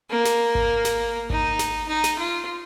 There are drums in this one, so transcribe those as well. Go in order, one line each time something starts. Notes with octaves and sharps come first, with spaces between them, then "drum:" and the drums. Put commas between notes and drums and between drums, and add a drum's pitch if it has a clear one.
A#3
drum: snare
drum: kick G#1
drum: snare
D#4, drum: kick G#1
drum: snare
D#4
drum: snare
F4